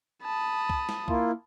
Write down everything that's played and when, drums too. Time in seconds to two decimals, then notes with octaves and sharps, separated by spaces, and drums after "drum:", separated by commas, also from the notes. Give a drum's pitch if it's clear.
0.23 A5 B5 D#6
0.69 drum: kick C2
0.89 drum: snare
1.08 A#3 E4 F4, drum: kick C2